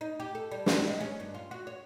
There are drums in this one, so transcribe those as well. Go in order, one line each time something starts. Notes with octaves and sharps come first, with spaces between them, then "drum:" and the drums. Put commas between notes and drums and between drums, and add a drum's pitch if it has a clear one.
D#4
G4
A4
G3
G3, drum: snare
G#3
C#4
G2
F4
F#4
C#5